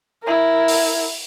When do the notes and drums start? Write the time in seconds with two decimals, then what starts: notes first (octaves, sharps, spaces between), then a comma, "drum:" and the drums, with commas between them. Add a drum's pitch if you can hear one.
0.23 E4 A#4
0.68 drum: open hi-hat